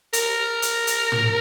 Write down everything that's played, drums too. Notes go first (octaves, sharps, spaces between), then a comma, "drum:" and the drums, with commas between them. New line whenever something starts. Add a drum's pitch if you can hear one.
A#4, drum: hi-hat
drum: hi-hat
drum: hi-hat
drum: tom